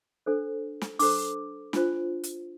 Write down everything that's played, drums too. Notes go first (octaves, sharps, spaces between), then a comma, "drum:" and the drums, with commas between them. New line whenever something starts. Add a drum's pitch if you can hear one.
D4 A4 C5
drum: snare
D4 A4 C5 D6, drum: open hi-hat
D4 F4 C5, drum: snare
drum: hi-hat